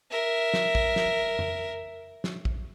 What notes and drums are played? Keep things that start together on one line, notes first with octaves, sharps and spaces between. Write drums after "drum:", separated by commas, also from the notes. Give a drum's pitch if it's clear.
A#4 E5
drum: snare
drum: kick
drum: snare
drum: tom F2
drum: snare
drum: kick